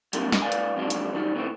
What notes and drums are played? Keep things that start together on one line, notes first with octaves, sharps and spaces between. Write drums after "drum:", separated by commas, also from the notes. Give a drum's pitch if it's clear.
F#3 G3 A3 A#3 C4 D4, drum: hi-hat
drum: snare
G#2 B4 D5 F5 G#5
drum: hi-hat
F2 G#2 C3 F#3 G#3 D4
drum: hi-hat
D#3 F#3 G3
B2 E3 A3 C4